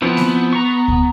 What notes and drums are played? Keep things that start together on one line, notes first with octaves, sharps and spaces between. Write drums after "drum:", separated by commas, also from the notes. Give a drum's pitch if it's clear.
E3 F3 B3 C4
drum: snare A#3
A#5 C#6
drum: kick D2